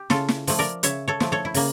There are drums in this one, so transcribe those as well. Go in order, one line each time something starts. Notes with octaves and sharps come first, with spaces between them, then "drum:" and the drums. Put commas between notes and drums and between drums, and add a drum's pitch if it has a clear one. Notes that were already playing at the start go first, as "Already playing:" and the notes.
Already playing: G4
C#3 F4 A4, drum: snare
drum: snare
F3 A3, drum: open hi-hat
A#4 D5
C#3 C#5 E5, drum: hi-hat
A4 C#5
F3 A3, drum: snare
A4 C#5
E4
C#3 A#3, drum: open hi-hat